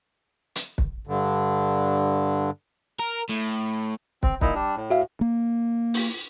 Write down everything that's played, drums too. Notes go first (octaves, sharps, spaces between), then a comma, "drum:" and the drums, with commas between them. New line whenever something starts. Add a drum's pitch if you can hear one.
drum: hi-hat
drum: kick
G2 D3
A#4
A2
C4, drum: kick
A#2 D#4 E4, drum: kick
G3 D4
A2
F#4 E5 F5
A#3
drum: open hi-hat